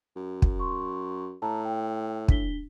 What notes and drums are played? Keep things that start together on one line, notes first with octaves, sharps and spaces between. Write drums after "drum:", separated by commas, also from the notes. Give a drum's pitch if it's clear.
F#2
drum: kick
C6 C#6
A2 A5 A#5
G5
D4 B6 G7, drum: kick